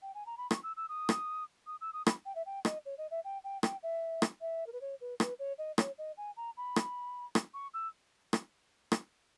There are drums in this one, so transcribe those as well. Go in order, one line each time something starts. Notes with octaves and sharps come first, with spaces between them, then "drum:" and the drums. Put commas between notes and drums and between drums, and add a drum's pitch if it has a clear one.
G5
G#5
A#5
B5
C#6, drum: rim click
E6
E6
D#6
drum: rim click
D#6
E6
D#6
B5, drum: rim click
G5
E5
G5
D#5, drum: rim click
C#5
D#5
E5
G5
G5
G5, drum: rim click
E5
drum: rim click
E5
A#4
B4
C#5
B4
B4, drum: rim click
C#5
D#5
C#5, drum: rim click
D#5
G#5
A#5
B5
drum: rim click
drum: rim click
C#6
E6
drum: rim click
drum: rim click